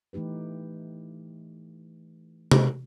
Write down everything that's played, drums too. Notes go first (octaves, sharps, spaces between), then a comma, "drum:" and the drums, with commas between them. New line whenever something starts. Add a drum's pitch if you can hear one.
E3 A3 D#4 G4 B4
drum: tom C3